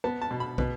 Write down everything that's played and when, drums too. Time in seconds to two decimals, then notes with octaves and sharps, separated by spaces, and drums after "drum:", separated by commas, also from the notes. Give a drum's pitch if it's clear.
0.04 B3 A5
0.22 A5
0.31 B2
0.40 B5
0.58 B2 B4, drum: kick